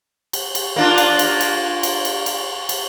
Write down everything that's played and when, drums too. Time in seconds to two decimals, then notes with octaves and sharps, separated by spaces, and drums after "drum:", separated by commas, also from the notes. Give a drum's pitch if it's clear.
0.33 drum: cymbal
0.55 drum: cymbal
0.76 A#3 D4 F4
0.98 drum: cymbal
1.19 drum: cymbal
1.41 drum: cymbal
1.83 drum: cymbal
2.05 drum: cymbal
2.26 drum: cymbal
2.69 drum: cymbal